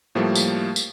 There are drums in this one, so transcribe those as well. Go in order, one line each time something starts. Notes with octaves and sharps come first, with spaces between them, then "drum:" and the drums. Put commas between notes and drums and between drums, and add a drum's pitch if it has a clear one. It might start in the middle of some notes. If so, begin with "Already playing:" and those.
A2 F3 G3 A3 A#3
drum: tambourine
drum: tambourine